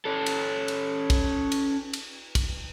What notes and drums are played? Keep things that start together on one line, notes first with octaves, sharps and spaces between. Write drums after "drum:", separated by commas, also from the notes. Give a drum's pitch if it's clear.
C#4 A4
drum: cymbal
drum: cymbal
drum: kick, cymbal
drum: cymbal
drum: cymbal
drum: kick, cymbal